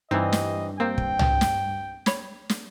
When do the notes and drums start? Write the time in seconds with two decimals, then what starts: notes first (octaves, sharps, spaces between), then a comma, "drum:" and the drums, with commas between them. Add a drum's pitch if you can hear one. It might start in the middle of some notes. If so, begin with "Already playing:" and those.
0.11 G2 E3 C4 D#4 D#5
0.33 drum: snare
0.80 A#3 C4 G5
0.98 drum: kick
1.19 drum: tom
1.41 drum: snare
2.06 C#5 B5 G#6, drum: snare
2.49 drum: snare